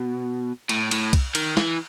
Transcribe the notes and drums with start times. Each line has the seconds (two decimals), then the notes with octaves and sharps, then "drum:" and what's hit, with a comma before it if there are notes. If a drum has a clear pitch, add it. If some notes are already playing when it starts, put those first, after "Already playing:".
Already playing: B2
0.69 A2, drum: cymbal
0.91 A2, drum: cymbal
1.13 drum: kick, cymbal
1.35 D#3, drum: cymbal
1.57 E3, drum: snare